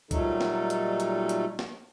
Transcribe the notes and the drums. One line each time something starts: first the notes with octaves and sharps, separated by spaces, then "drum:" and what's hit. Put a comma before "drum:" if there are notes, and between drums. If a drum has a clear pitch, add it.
A#2 F#3 G3 A3 D#4 A4, drum: kick, hi-hat
drum: snare
drum: hi-hat
drum: hi-hat
drum: hi-hat
drum: snare